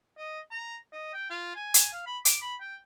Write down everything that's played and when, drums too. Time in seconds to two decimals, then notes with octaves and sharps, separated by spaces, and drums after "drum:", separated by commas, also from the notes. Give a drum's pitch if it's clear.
0.17 D#5
0.51 A#5
0.92 D#5
1.14 G5
1.30 F4
1.56 G#5
1.74 drum: hi-hat
1.93 F5
2.06 B5
2.25 D6, drum: hi-hat
2.42 B5
2.60 G5